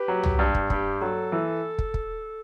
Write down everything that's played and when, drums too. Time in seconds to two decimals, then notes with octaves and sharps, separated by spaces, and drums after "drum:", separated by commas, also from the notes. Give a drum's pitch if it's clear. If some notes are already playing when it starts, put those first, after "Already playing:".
Already playing: G4 B4
0.08 F#3
0.24 drum: tom C2
0.39 G2
0.55 drum: kick
0.70 G2 G4, drum: kick
1.01 F#3 A4
1.32 E3
1.78 drum: kick
1.94 drum: kick